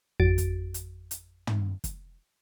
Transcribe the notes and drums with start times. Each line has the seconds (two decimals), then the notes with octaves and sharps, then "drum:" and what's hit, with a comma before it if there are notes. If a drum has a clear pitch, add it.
0.20 G#1 F2 F#4 A6 D7
0.38 drum: kick, hi-hat
0.74 drum: hi-hat
1.11 drum: hi-hat
1.47 drum: tom
1.84 drum: kick, hi-hat